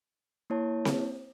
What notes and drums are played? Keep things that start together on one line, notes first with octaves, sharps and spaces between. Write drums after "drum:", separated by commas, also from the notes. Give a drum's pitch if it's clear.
A#3 E4 C#5 A5
drum: snare C4